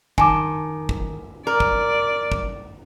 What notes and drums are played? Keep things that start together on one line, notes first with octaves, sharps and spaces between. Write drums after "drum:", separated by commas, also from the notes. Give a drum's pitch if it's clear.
D#3 G#5 A5 D6, drum: kick
drum: kick
A#4 D5
drum: kick
drum: kick